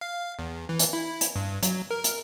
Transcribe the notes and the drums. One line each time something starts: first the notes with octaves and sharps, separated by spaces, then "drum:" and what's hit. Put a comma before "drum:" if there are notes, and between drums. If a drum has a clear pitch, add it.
F5
E2
E3
drum: hi-hat
E4
drum: hi-hat
G2
F#3, drum: hi-hat
A#4
drum: hi-hat